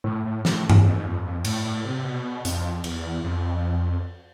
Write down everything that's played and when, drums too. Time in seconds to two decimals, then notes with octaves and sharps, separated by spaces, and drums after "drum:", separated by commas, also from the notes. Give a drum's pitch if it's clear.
0.04 A2
0.25 A2
0.45 A2, drum: snare
0.70 drum: tom G2
0.85 F2
0.96 G#2
1.06 F2
1.25 F2
1.45 A2, drum: cymbal
1.65 A2
1.85 C3
2.04 B2
2.45 F2, drum: hi-hat
2.84 E2, drum: cymbal
3.24 F2